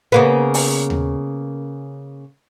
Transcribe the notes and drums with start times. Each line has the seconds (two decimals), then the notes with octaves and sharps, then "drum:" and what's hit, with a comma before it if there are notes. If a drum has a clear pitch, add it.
0.12 C#3 A#3 B3
0.54 drum: open hi-hat
0.90 drum: tom D#2